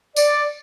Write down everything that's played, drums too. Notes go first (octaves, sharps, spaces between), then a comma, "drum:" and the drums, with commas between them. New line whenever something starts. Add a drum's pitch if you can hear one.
D5, drum: tambourine